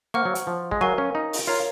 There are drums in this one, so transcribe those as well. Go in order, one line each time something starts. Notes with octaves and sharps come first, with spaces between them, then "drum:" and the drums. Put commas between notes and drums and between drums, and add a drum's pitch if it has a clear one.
A#3 C5 F#5 C#6 F6
F#3
drum: hi-hat
F3
G#3, drum: kick
F#3 A#4 F5 G#5 C#6
C#4
D#4
drum: open hi-hat
F4 A#4 C#5 F5 A#5